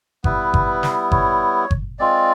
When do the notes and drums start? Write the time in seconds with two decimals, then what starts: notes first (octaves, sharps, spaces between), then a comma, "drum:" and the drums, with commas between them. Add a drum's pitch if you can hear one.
0.24 G3 B3 E4 B4, drum: kick G1
0.54 drum: kick G1
0.83 drum: snare
1.12 C#5, drum: kick G1
1.71 drum: kick G1
1.99 G#3 C4 F4 D5